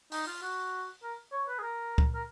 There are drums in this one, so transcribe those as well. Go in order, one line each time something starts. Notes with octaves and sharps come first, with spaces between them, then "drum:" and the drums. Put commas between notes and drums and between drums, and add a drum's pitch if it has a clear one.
D#4, drum: open hi-hat
F4
F#4
A#4
C#5
B4
G#4
A#4
drum: kick C#2
A#4